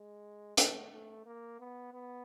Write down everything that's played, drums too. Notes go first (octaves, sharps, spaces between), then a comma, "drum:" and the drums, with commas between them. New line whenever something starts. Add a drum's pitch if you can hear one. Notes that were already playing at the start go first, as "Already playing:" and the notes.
Already playing: G#3
A3, drum: hi-hat
A3
A#3
B3
B3